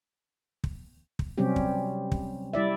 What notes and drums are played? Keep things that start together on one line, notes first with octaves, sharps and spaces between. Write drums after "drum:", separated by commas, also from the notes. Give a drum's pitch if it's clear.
drum: kick
drum: kick
C3 F#3 G3 C4 C#4 G4
drum: kick
drum: kick
G3 E4 D5 E5